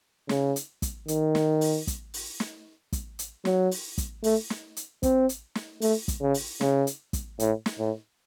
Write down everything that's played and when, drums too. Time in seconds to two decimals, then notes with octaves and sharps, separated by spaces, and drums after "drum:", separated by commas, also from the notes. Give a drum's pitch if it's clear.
0.29 C#3, drum: snare
0.56 drum: hi-hat
0.82 drum: kick, hi-hat
1.08 D#3, drum: hi-hat
1.35 drum: snare
1.61 drum: open hi-hat
1.87 drum: kick, hi-hat
2.14 drum: open hi-hat
2.40 drum: snare
2.92 drum: kick, hi-hat
3.19 drum: hi-hat
3.45 F#3, drum: snare
3.71 drum: open hi-hat
3.98 drum: kick, hi-hat
4.24 A3, drum: open hi-hat
4.50 drum: snare
4.77 drum: hi-hat
5.03 C4, drum: kick, hi-hat
5.29 drum: hi-hat
5.55 drum: snare
5.82 A3, drum: open hi-hat
6.08 drum: kick, hi-hat
6.21 C#3
6.34 drum: open hi-hat
6.61 C#3, drum: snare
6.87 drum: hi-hat
7.13 drum: kick, hi-hat
7.40 A2, drum: hi-hat
7.66 drum: snare
7.79 A2